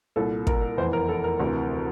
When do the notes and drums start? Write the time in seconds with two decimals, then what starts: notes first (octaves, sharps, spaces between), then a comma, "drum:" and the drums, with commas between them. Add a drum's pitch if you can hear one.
0.16 C2 A#2 A4
0.47 A#4, drum: kick
0.78 F1 E2 E3 C5
0.93 A#4
1.09 A4
1.24 A#4
1.40 D2 C3 E3